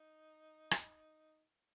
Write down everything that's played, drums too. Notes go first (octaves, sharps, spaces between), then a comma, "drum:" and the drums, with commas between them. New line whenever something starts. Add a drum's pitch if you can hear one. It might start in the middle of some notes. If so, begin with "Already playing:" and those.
Already playing: D#4
drum: rim click